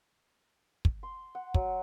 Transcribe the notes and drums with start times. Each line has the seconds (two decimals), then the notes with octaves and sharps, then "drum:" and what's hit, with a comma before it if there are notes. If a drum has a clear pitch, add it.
0.85 drum: kick
1.03 C6
1.35 F#5
1.54 F#3, drum: kick